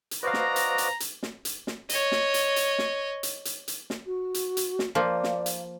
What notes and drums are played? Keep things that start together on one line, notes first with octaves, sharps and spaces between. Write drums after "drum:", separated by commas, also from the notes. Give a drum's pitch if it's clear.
drum: hi-hat
F#4 B4 C5 D5 D#5 F5 A#5
drum: snare
drum: hi-hat
drum: hi-hat
drum: hi-hat
drum: snare
drum: hi-hat
drum: snare
C#5 D#5, drum: hi-hat
drum: snare
drum: hi-hat
drum: hi-hat
drum: snare
drum: hi-hat
drum: hi-hat
drum: hi-hat
drum: snare
F#4
drum: hi-hat
drum: hi-hat
drum: snare
F3 A#3 D5
drum: snare
drum: hi-hat